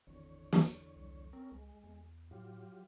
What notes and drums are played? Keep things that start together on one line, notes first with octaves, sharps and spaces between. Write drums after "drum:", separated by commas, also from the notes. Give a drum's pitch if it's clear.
G#1 E2 D3 C#5
drum: snare
C2
C4 C#4 A#4
C#2 G#3
E2
A2 F#3 F4 G4